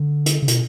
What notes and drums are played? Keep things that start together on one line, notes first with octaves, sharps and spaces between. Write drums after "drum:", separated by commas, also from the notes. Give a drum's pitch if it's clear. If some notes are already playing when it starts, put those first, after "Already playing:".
Already playing: D3
drum: hi-hat
C#3
B2, drum: hi-hat